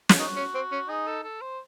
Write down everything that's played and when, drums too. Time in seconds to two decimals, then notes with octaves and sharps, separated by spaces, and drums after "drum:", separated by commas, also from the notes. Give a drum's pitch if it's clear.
0.09 drum: snare
0.19 D#4 F#4
0.37 C#4
0.55 C4
0.72 C#4
0.89 D#4 G#4
1.07 A4
1.24 A4
1.41 C5